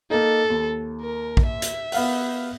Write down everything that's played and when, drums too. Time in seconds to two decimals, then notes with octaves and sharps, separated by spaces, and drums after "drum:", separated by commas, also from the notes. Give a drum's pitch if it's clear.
0.11 A#3 D#4 A4
0.50 D#2
1.01 A#4
1.37 drum: kick
1.46 E5
1.62 drum: hi-hat
1.92 B3 F5 F#5, drum: open hi-hat